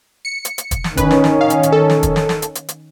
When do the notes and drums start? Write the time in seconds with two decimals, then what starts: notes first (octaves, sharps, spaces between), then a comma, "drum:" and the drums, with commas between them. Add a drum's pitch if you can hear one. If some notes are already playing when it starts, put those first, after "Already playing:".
0.25 C#7
0.45 drum: hi-hat
0.58 drum: hi-hat
0.71 drum: kick, hi-hat
0.84 drum: snare
0.97 D#3 C#4 B4, drum: kick, hi-hat
1.11 drum: snare
1.24 drum: snare
1.41 F5
1.50 drum: hi-hat
1.63 drum: hi-hat
1.72 A4
1.90 drum: snare
2.03 drum: kick, hi-hat
2.16 drum: snare
2.29 drum: snare
2.42 drum: hi-hat
2.55 drum: hi-hat
2.69 drum: hi-hat